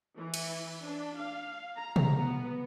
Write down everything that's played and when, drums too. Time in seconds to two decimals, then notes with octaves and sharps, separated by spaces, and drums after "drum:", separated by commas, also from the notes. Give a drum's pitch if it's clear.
0.17 E3
0.34 drum: cymbal
0.83 D4
1.18 F5
1.77 A#5
1.96 drum: tom B2
2.17 B3